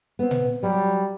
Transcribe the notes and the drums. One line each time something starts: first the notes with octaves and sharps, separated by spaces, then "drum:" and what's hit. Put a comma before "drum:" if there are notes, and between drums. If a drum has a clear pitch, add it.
B3 C4
drum: tom A#2
F#3 G3